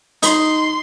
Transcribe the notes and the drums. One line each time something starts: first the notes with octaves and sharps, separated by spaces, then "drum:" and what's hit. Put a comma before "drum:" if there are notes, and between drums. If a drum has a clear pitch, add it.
D#4 C6, drum: hi-hat